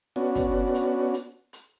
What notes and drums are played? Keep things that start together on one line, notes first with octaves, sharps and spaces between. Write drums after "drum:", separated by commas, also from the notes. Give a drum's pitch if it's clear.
B3 C#4 D4 F#4
drum: kick, hi-hat
drum: hi-hat
drum: hi-hat
drum: hi-hat